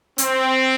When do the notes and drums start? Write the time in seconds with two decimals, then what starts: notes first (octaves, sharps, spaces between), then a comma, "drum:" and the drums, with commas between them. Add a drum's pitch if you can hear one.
0.18 C4, drum: hi-hat